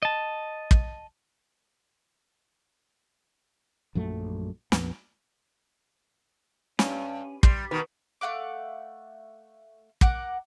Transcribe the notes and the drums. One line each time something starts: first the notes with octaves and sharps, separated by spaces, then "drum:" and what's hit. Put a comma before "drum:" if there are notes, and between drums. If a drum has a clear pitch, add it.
D#5 A5
drum: kick
A#1 F#2 F#3 A3
A#1 F2 B3, drum: snare
G2 C#4, drum: snare
G3 C6, drum: kick
B2 D#3 B4
A3 F5 F#5 D6
A#4 F#5 D6, drum: kick